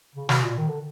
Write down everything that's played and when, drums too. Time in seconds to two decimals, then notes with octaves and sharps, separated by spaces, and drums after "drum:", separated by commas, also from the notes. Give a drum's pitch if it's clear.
0.15 C#3
0.29 B2, drum: snare
0.43 A#2
0.57 D#3
0.68 D3